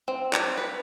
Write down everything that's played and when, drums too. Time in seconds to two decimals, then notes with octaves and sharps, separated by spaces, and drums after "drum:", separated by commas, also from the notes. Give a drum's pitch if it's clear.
0.08 C4
0.33 D5, drum: clap
0.57 B4